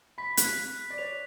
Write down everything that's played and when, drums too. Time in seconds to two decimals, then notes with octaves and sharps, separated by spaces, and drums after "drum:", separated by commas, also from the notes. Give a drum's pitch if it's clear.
0.18 B5 B6
0.37 F#6, drum: hi-hat
0.58 B6
0.78 F#6
0.90 D5
0.98 C#5 F7